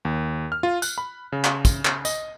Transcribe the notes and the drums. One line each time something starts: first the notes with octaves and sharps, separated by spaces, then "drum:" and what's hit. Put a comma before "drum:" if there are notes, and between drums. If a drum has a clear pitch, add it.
D#2
F6
F4
F#6, drum: tambourine
B5
C#3
drum: clap
drum: kick, tambourine
drum: clap
D#5, drum: tambourine